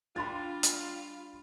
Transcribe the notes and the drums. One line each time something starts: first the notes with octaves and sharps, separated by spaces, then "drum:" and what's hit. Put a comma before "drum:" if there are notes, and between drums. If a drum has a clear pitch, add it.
G3 D4 F4 B5 C6 A6
drum: hi-hat